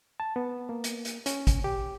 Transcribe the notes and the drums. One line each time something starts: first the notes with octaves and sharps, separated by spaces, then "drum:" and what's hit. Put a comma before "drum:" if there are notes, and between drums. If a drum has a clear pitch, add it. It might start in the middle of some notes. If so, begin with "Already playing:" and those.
A5
B3
A#3
drum: hi-hat
drum: hi-hat
C#4, drum: hi-hat
drum: kick G#1, hi-hat
G4